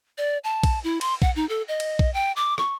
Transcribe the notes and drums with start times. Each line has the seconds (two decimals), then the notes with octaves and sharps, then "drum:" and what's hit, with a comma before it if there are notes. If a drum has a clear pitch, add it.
0.18 D5
0.44 A5
0.63 drum: kick A#1, cymbal
0.84 E4
1.01 C6, drum: cymbal
1.22 F#5, drum: kick A#1
1.36 D#4
1.49 A4
1.68 D#5
1.80 drum: cymbal
1.99 drum: kick A#1
2.14 G5
2.36 D6
2.58 C#6, drum: rim click